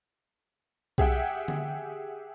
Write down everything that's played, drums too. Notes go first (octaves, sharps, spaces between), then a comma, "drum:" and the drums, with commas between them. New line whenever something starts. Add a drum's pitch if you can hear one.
G4 G#4 E5 F#5 G5, drum: kick B1
drum: tom D3